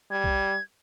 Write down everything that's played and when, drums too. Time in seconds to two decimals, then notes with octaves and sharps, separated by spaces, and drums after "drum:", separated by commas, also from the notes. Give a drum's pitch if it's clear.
0.11 G3 G#6
0.24 drum: kick B1